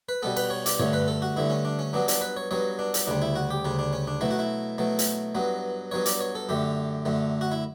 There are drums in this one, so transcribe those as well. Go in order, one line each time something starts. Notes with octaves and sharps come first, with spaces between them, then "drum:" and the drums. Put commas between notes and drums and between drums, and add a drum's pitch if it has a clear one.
B4
B2 G3 B3 A4
B4, drum: cymbal
C#5
D5, drum: hi-hat
G2 D3 A3 C#5, drum: tom
B4
A4
F#4
G2 D3 A3 E4
C#4
D4
C#4
G2 F#3 B3 D4
D4, drum: hi-hat
B4
C#5
G2 F#3 B3 C#5
D4
drum: hi-hat
D2 C#3 G3 D4
E4
F#4
G4
D2 C#3 G3 D4
D4
C#4
D4
B2 F#3 A3 E4
F#4
E4
B2 F#3 A3
drum: hi-hat
G2 F#3 B3
G2 F#3 B3 C#5
D5, drum: hi-hat
C#5
A4
F#2 D3 A3 G4
F#2 D3 A3
F#4
E4